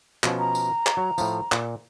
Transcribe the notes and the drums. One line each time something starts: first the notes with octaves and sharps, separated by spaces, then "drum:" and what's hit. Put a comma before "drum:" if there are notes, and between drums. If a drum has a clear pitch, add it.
B2 F3 C#4, drum: clap
A#5
drum: tambourine
drum: clap
F#3 C#5
A2 F3, drum: tambourine
A#2, drum: clap